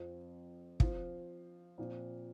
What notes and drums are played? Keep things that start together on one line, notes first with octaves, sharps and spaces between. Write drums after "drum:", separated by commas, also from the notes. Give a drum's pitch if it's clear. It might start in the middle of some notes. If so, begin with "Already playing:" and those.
Already playing: F2 F3 C4
F3 C4 F4, drum: kick
A#2 F3 C4